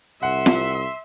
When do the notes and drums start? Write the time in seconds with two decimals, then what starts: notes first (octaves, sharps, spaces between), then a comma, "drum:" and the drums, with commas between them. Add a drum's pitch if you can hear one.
0.23 C2 E5 F#5 C6
0.46 drum: snare